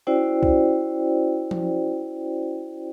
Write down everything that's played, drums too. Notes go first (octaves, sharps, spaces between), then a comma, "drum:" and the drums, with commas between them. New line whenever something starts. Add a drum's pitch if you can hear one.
C#4 E4 F#4 C5 D5 G5
drum: kick B1
drum: tom F3